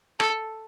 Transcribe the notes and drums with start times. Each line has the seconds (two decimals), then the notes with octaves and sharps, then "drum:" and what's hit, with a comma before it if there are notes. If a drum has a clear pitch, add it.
0.20 A4, drum: rim click